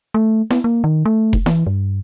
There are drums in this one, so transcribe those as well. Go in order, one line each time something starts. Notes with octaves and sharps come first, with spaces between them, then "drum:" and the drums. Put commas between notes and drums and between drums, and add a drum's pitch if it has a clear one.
A3
B3, drum: snare E4
A#3
D#3
A3
drum: kick F1
E3, drum: snare E4
G2